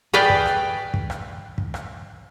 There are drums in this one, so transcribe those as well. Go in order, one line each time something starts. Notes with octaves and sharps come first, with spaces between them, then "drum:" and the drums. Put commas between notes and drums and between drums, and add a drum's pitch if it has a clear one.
G#4 B4 D5 F5 G5
drum: kick
drum: rim click
drum: kick
drum: rim click
drum: kick
drum: rim click